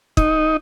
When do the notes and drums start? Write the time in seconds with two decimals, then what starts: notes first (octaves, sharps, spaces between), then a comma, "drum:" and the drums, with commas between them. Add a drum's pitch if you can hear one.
0.17 D#4, drum: kick